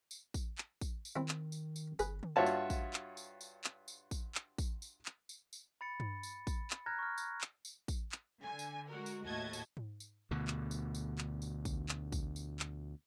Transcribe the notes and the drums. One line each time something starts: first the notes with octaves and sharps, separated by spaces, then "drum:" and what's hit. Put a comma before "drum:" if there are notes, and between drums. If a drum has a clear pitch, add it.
drum: tambourine
drum: kick, tambourine
drum: clap
drum: kick, tambourine
drum: tambourine
D#3 C4 E4
drum: clap
drum: tambourine
drum: tambourine
G1 G#4 B4, drum: tambourine
drum: tom D3
G2 F4 F#4 C#5 E5 A5
drum: tambourine
drum: kick, tambourine
drum: clap
drum: tambourine
drum: tambourine
drum: clap
drum: tambourine
drum: kick, tambourine
drum: clap
drum: kick, tambourine
drum: tambourine
drum: clap
drum: tambourine
drum: tambourine
B5 A6 C#7
drum: tom G2
drum: tambourine
drum: kick, tambourine
drum: clap
A#5 F6 F#6 G#6 A#6
C#6 F6
drum: tambourine
drum: clap
drum: tambourine
drum: kick, tambourine
drum: clap
D3 G#5
drum: tambourine
G#3 F#4 A#4
drum: tambourine
D#2 A2 F#4 D#5 A5 G#6
drum: tambourine
drum: tom G#2
drum: tambourine
D2 B2 D3
drum: clap
drum: tambourine
drum: tambourine
drum: clap
drum: tambourine
drum: kick, tambourine
drum: clap
drum: kick, tambourine
drum: tambourine
drum: clap